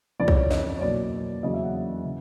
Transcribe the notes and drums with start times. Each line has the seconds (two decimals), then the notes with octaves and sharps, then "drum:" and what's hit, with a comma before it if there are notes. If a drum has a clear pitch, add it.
0.19 F2 C#3 E3 D5
0.28 C#5, drum: kick
0.36 D5
0.50 D#5, drum: snare
0.78 C#5
0.81 B2 F#3 A#3 D5
1.43 E2 C#3 F#3 A#3 D#5
1.54 E5
1.63 F#5
2.06 C#3